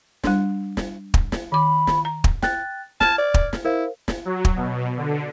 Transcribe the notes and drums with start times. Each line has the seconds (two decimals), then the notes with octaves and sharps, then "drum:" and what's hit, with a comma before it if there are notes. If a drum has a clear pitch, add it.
0.24 G3 D4, drum: snare
0.77 drum: snare
1.14 drum: kick
1.32 drum: snare
1.52 D#3 B5 D6
1.87 drum: snare
2.05 A#5
2.24 drum: kick
2.42 G5 F#6 A6, drum: snare
3.01 A5 F6 G#6, drum: snare
3.18 D5
3.34 drum: kick
3.53 drum: snare
3.65 E4 A#4 C5 F5
4.08 drum: snare
4.25 F#3
4.45 drum: kick
4.56 B2
4.97 D3